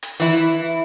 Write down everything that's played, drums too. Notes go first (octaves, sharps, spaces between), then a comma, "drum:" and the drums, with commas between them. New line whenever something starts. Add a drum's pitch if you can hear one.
drum: hi-hat
E3 E4